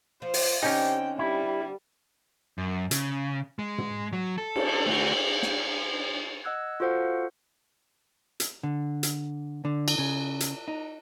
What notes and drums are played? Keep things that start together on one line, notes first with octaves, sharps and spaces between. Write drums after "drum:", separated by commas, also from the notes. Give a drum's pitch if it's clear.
F3 C5
drum: open hi-hat
D3 C4 C#4 D#4 G4 G5
G3 E4
F#2
C#3, drum: hi-hat
G#3
drum: tom
F#3
A4
drum: cymbal
A3 F#4
drum: snare
D#5 F#5 E6 F#6 G#6
F4 F#4 A4 C5 F5 F#5
drum: hi-hat
D3
drum: hi-hat
D3
drum: cymbal
C#3
drum: hi-hat
D#4